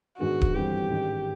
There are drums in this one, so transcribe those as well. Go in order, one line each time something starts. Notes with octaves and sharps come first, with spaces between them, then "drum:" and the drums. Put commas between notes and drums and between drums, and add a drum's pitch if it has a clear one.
G#2 D#3 G#3 B3 D4 F#4
drum: kick D1
G1 G2 E3 G3 C4 G4
A1 G#2 D#3